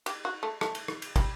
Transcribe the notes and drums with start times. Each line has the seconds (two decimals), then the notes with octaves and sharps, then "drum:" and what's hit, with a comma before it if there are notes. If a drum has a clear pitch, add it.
0.06 G4, drum: cymbal
0.25 F#4
0.43 A3
0.61 A3, drum: rim click
0.75 drum: cymbal
0.88 drum: rim click
1.02 drum: cymbal
1.16 G3, drum: kick, cymbal